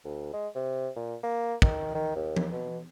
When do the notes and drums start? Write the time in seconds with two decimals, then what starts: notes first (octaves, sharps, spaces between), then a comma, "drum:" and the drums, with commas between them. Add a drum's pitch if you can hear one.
0.05 D2
0.33 G#3
0.55 C3
0.96 A#2
1.23 A#3
1.62 D#3, drum: kick
1.95 D#3
2.15 D#2
2.37 drum: tom F3
2.52 B2